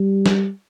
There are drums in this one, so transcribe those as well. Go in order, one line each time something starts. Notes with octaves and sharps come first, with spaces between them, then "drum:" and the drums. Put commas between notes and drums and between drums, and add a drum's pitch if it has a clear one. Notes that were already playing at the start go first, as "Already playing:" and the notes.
Already playing: G3
drum: snare